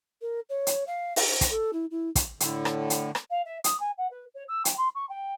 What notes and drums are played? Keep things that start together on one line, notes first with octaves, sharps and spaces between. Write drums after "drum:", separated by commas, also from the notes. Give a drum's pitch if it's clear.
A#4
C#5
drum: hi-hat
F5
drum: open hi-hat
C5
drum: kick, hi-hat
A4
E4
E4
drum: kick, hi-hat
A2 D3, drum: hi-hat
drum: rim click
drum: hi-hat
drum: rim click
F5
E5
D#6, drum: hi-hat
G#5
F#5
B4
C#5
E6
G5, drum: hi-hat
C6
C#6
G5